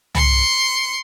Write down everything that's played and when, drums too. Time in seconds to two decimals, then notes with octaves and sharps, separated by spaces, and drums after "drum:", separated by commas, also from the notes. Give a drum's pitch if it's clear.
0.15 C6 C#7, drum: tom